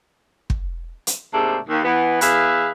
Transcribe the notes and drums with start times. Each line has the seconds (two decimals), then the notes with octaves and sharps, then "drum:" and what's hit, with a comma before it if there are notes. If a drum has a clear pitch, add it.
0.50 drum: kick
1.07 drum: hi-hat
1.33 G#2 C3 A3 A#3 D4
1.69 D#2
1.84 E3 B3
2.21 E2 G#4 B4 E5 F5, drum: hi-hat